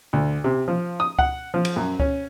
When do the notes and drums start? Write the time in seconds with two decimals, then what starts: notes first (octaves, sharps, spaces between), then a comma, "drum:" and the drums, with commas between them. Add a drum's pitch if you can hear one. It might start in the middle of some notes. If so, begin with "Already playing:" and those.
0.13 D2
0.44 C3
0.68 F3
1.00 D#6
1.19 F#5, drum: kick C#2
1.54 F3
1.65 drum: cymbal
1.76 F#2
2.00 C#4, drum: kick C#2